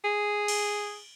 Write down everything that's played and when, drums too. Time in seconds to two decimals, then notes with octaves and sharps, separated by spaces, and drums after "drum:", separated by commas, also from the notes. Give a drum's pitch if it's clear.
0.04 G#4
0.48 drum: cymbal